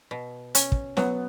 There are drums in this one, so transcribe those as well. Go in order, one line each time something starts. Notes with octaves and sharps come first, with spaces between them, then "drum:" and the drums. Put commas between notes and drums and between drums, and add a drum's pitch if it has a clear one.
B2
C#4, drum: hi-hat
drum: kick
F#3 B3, drum: snare